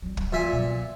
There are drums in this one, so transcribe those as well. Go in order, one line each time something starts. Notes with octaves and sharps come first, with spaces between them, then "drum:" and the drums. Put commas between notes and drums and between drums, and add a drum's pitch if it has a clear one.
F#3 G3
drum: kick
A#2 E5 G#5
B2 F#3